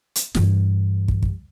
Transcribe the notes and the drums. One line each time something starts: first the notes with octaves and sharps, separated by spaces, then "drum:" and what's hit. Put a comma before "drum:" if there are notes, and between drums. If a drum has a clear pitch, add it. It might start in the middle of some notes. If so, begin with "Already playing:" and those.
drum: hi-hat
G2 E3, drum: snare
drum: kick
drum: kick